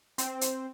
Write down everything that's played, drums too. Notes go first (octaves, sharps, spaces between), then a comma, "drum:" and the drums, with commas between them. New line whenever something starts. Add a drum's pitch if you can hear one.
C4, drum: hi-hat
drum: hi-hat